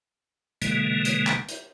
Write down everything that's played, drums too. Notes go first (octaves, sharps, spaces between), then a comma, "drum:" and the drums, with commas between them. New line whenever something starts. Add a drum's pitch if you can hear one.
B2 D3 E3 G#3 A#3, drum: hi-hat
drum: hi-hat
drum: clap
drum: hi-hat